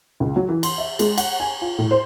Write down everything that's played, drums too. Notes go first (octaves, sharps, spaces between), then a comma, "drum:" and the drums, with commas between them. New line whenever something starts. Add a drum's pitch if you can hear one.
C#2
F#3
E3
C6, drum: cymbal
E5
G#3, drum: cymbal
F#5, drum: cymbal
G#5
F4
A2
C5